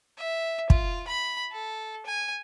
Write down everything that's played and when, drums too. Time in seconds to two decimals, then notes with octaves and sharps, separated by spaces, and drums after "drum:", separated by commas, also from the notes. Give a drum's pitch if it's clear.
0.18 E5
0.70 F4, drum: kick
1.07 B5
1.52 A4
2.06 G#5